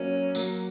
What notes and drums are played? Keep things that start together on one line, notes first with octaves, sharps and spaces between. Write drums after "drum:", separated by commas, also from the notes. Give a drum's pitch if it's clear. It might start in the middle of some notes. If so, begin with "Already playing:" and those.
Already playing: F#3 A#3 C#4
F#3 A#3, drum: tambourine